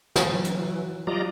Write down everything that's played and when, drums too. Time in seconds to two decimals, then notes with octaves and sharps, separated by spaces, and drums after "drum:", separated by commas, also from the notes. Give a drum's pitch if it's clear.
0.16 E3 F#3, drum: snare
0.44 drum: hi-hat
1.07 F#3 G3 F4 D5 D#5 A#5